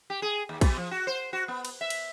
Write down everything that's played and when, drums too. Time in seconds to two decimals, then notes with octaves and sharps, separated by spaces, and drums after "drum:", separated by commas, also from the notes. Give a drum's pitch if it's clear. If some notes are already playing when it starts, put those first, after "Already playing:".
0.10 G4
0.22 G#4
0.49 D#2
0.61 B2, drum: kick A#1, cymbal
0.77 F3
0.91 F#4
1.07 C5
1.33 F#4
1.48 B3
1.65 drum: cymbal
1.81 E5
1.90 drum: cymbal